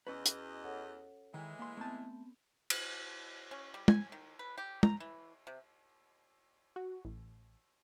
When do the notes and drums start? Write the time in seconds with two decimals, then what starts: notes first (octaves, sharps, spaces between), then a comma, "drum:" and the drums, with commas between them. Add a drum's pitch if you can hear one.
0.07 E2 C#4 F#4 B4 D#5
0.26 drum: hi-hat
0.64 A4 C#5 F#5
1.34 D#3 E3 G#3
1.59 A#3 C6
1.77 A3 B3 C4 A5 G6
2.70 drum: cymbal
3.51 C#4
3.74 G3
3.88 G#5, drum: tom
4.12 D#3
4.39 B4
4.58 G4
4.83 A#5, drum: tom
5.00 E3
5.47 C3
6.76 F#4
7.05 A1